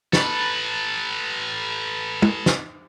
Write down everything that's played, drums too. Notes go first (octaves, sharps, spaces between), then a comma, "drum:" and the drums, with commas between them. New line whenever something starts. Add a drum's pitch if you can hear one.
A4 B4, drum: snare
drum: tom
drum: snare